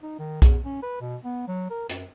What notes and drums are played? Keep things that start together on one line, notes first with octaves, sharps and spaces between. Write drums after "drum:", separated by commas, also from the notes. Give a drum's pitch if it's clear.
D#4
D#3
E2, drum: kick B1, hi-hat
C#4
B4
B2
B3
F#3
A#4
F#2, drum: hi-hat